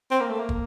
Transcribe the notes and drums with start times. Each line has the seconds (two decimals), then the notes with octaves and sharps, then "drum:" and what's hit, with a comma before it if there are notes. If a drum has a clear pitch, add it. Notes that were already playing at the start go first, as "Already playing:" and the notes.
0.11 C4
0.20 A#3
0.30 A3
0.40 A#3
0.49 drum: kick